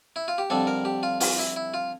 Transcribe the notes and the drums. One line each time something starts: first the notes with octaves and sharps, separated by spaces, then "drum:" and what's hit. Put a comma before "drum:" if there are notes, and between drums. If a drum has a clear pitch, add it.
E4
F4
G4
F2 D3 G3 D4 A4
A#4
G4
F4
F4, drum: open hi-hat
E4
E4
F4